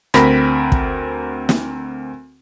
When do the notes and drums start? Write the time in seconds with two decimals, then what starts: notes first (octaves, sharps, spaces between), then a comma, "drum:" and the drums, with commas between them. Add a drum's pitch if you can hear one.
0.14 D2 C4 A#4 B5 A#6 B6, drum: rim click
0.72 drum: kick
1.49 drum: snare